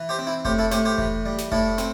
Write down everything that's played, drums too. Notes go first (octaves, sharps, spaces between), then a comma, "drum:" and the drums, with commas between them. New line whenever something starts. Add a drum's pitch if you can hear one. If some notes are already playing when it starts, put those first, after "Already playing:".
Already playing: E3
G4 C5
C4
E4
A2 G4 C5, drum: kick F1
E4 A4
A2 G4 C5, drum: snare
G4 C5
E3, drum: kick F1
G3
drum: snare
A2 E4 A4, drum: kick F1
C4, drum: snare